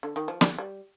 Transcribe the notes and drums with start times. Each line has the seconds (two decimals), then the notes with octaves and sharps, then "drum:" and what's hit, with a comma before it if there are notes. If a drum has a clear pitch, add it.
0.03 D3
0.16 D#3
0.28 F3
0.41 G3, drum: snare
0.58 G3